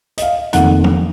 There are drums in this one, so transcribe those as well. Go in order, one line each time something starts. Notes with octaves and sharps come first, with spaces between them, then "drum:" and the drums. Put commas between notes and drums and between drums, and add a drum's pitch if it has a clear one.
D#5, drum: hi-hat
F5
F1 F2 D#3 A#3 F#5, drum: hi-hat
drum: tom F#3